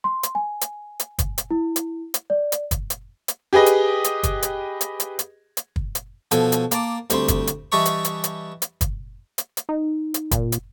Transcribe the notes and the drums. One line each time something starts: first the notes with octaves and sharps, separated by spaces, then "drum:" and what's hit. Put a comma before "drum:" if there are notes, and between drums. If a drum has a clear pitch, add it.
C6
drum: hi-hat
G#5
drum: hi-hat
drum: hi-hat
drum: kick, hi-hat
drum: hi-hat
E4
drum: hi-hat
drum: hi-hat
D5
drum: hi-hat
drum: kick, hi-hat
drum: hi-hat
drum: hi-hat
G4 G#4 B4 D#5
drum: hi-hat
drum: hi-hat
drum: kick, hi-hat
drum: hi-hat
drum: hi-hat
drum: hi-hat
drum: hi-hat
drum: hi-hat
drum: kick
drum: hi-hat
B2 F3 A4 G#5, drum: hi-hat
drum: hi-hat
A#3 A5 D6, drum: hi-hat
D2 G3 C4 C6, drum: hi-hat
drum: kick, hi-hat
drum: hi-hat
E3 G3 D#5 E5 A5 C#6
drum: hi-hat
drum: hi-hat
drum: hi-hat
drum: hi-hat
drum: kick, hi-hat
drum: hi-hat
drum: hi-hat
D#4
drum: hi-hat
A#2, drum: kick, hi-hat
drum: hi-hat